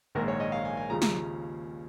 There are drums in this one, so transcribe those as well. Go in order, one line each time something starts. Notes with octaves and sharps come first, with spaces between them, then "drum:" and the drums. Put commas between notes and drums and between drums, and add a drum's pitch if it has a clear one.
A#1 G#2 D#3 A#3 A#4
C#5
D#5
F5
G#5
G#5
D#2 C#3 F3 G#3 A#5
A#5, drum: snare